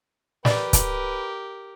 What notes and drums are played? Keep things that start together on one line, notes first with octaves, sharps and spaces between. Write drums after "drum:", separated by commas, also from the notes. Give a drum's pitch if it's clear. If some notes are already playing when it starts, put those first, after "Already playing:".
G4 A#4 B4 D5, drum: snare
drum: kick, hi-hat